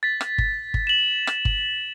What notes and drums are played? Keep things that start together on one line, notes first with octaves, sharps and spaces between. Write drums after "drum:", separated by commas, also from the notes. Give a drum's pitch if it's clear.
A6 B6
drum: rim click
drum: kick G1
drum: kick G1
E7 F#7
drum: rim click
drum: kick G1